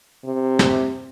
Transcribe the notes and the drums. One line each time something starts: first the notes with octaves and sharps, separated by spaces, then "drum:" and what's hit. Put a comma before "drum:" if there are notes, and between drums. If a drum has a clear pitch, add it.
C3
drum: snare